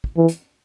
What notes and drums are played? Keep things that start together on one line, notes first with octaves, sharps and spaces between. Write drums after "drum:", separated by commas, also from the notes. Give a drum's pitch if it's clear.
drum: kick
E3
drum: hi-hat